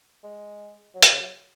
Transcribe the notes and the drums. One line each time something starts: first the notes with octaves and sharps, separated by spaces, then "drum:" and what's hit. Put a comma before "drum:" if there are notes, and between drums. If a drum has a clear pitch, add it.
G#3
F#3
A#2, drum: hi-hat
C#3
F#3